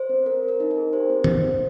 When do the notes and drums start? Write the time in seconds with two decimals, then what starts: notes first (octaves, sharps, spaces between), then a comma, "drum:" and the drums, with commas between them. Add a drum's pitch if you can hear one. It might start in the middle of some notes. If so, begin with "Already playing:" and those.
Already playing: C5
0.09 C4
0.26 C4 A#4
0.43 C4
0.48 A#4
0.60 D#4
0.71 A#4
0.77 G#4
0.93 G4 C5
1.10 C4
1.24 drum: tom